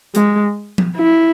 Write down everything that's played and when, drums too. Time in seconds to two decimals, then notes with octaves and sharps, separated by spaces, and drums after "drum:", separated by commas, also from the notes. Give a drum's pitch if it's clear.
0.15 G#3, drum: hi-hat
0.78 drum: tom F3
0.96 E4